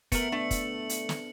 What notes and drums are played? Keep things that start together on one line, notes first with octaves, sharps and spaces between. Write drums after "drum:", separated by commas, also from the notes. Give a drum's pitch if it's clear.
A3 B3 A#4 C#7 F#7, drum: kick, hi-hat
A3 D4
drum: kick, hi-hat
drum: hi-hat
drum: snare